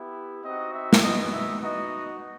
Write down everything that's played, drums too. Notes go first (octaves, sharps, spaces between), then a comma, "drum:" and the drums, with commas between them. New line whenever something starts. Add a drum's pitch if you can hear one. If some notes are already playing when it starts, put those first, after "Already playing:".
Already playing: B3 E4 G4
C4 D#4 F#4 D#5
E5
drum: snare A3
B3 D#4 F#4 D#5
E5
B3 D#4 F#4 D#5